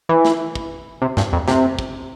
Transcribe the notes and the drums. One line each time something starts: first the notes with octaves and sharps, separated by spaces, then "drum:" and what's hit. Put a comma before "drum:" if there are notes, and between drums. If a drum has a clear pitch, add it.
E3
drum: snare
drum: kick
C3
G2, drum: snare
F2
C3, drum: snare
drum: kick